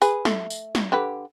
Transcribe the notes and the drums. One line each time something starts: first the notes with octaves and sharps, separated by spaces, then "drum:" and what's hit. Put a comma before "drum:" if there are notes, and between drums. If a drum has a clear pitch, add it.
G#4 B4, drum: tambourine
A3, drum: snare
drum: tambourine
drum: snare
D3 G4 B4